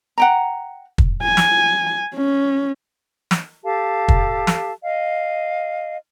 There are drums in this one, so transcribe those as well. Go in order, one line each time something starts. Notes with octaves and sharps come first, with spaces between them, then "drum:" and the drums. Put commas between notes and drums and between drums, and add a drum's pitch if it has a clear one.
F#5 G5 A#5
drum: kick
G#5
drum: snare
C#4
drum: snare
G4 A4 F5 A5
drum: kick
drum: snare
D#5 F5